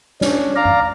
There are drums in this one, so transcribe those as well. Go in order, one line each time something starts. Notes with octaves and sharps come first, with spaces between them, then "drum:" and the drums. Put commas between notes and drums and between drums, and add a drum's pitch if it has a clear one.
C#4 D4, drum: snare
D5 F5 A#5
drum: tom F#2